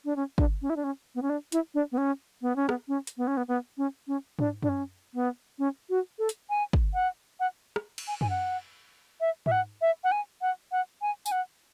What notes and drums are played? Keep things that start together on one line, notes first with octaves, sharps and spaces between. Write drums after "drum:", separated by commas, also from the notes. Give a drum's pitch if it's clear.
D4
C#4
D4, drum: kick
C#4
E4
D4
C#4
B3
C#4
D4
E4, drum: hi-hat
D4
B3
C#4
B3
C#4
B3, drum: rim click
C#4
drum: hi-hat
B3
C#4
B3
B3
C#4
C#4
D4, drum: tom G#2
D4, drum: tom F#2
C#4
B3
C#4
F#4
A4
drum: hi-hat
G#5
drum: kick
F#5
F#5
drum: rim click
drum: cymbal
G#5
G#5, drum: tom F#2
F#5
E5
E5, drum: tom G#2
F#5
E5
F#5
G#5
F#5
F#5
G#5
G#5, drum: tambourine
F#5